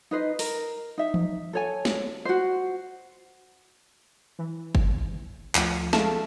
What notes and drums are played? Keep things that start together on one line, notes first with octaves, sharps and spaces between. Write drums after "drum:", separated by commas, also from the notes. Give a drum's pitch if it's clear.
D#4 B4 C5 D#5
A#4, drum: open hi-hat
D#4 E5
drum: tom E3
A4 C#5 G#5
drum: snare
F#4 C5
E3
drum: kick F#1
D2 F3 A3, drum: clap
G#3 A3 F5 A5, drum: snare